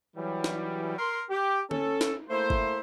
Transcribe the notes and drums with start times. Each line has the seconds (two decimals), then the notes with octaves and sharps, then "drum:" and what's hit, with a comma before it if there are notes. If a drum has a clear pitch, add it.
0.17 E3 F#3 G3
0.44 drum: snare
0.98 A#4 C6
1.30 G4
1.71 C#4 A4, drum: tom D3
2.01 drum: snare
2.30 A3 A#3 E4 C5
2.50 drum: kick